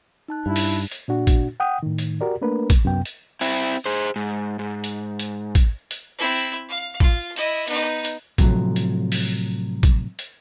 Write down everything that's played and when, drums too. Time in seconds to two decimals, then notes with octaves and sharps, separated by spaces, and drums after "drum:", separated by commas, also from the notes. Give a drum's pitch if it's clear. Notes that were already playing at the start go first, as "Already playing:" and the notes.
0.28 D#4 A5 F#6
0.46 G2 E4
0.56 drum: open hi-hat
0.91 drum: hi-hat
1.08 A#2 D4 F#4
1.27 drum: kick, hi-hat
1.60 F#5 G5 D#6
1.83 A2 D#3
1.98 drum: hi-hat
2.21 F#4 G4 A#4 D5
2.41 A3 A#3 D4 A#4 B4
2.70 drum: kick, hi-hat
2.84 C2 F#2 C3 B3 G5
3.05 drum: hi-hat
3.41 C4 E4, drum: open hi-hat
3.86 G#4 C5
4.16 G#2
4.59 G#2
4.84 drum: hi-hat
5.19 drum: hi-hat
5.55 drum: kick, hi-hat
5.91 drum: hi-hat
6.18 C4 E4
6.69 F5
7.00 F4, drum: kick
7.36 E4 D#5, drum: hi-hat
7.67 B3 D#4, drum: hi-hat
8.05 drum: hi-hat
8.38 A2 C3 F3 F#3, drum: kick, hi-hat
8.76 drum: hi-hat
9.12 drum: open hi-hat
9.83 drum: kick, hi-hat
10.19 drum: hi-hat